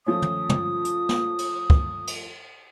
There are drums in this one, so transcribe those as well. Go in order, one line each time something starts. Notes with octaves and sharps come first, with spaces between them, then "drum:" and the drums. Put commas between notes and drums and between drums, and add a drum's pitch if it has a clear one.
F3 A3 C#4 D#6
drum: tom
drum: tom
drum: hi-hat
drum: snare
drum: cymbal
drum: kick
drum: cymbal